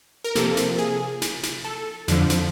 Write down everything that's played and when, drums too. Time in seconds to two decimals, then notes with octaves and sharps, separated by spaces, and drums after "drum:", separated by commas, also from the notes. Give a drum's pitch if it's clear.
0.24 A#4
0.35 C3 F3 A#3 A4, drum: snare
0.57 drum: snare
0.78 G#4
1.22 drum: snare
1.43 drum: snare
1.65 A4
2.08 F2 D3 F3, drum: snare
2.30 drum: snare